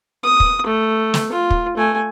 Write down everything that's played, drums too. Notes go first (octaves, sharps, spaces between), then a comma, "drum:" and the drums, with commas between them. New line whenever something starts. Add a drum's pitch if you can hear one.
D#6
drum: kick
A3
drum: snare
F4
drum: kick
A3 G#5